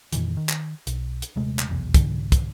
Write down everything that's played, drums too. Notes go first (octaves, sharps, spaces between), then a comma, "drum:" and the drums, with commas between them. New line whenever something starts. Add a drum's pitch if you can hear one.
F2 A#2 D#3 E3, drum: hi-hat
D#3
drum: clap
B1, drum: hi-hat
drum: hi-hat
D#1 C3 G#3 A3
drum: clap
F1 B1 E2
C2 G#2 D3 E3, drum: kick, hi-hat
drum: kick, hi-hat